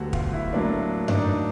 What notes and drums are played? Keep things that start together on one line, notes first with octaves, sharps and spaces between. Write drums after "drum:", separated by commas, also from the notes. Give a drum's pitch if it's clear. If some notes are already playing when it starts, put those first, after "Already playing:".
Already playing: D2 D3 F#3 B3 F#4 G4
F4, drum: kick
E4
A2 F#3 A#3 D4
D4, drum: tom F#2
D#4